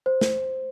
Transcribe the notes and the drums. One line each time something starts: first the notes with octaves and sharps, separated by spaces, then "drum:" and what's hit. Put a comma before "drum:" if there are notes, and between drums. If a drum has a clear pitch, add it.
C5
drum: snare